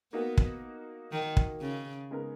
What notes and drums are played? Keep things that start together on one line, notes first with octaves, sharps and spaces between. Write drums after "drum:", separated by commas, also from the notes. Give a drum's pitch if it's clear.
A#3 B3 D#4 F#4
drum: kick
D#3
drum: kick
C#3
C#3 G#3 B3 D#4 A#4